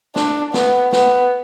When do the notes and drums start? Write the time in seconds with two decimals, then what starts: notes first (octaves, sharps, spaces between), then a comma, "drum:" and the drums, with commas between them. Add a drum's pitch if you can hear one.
0.16 D4, drum: snare
0.54 B3, drum: snare
0.93 B3, drum: snare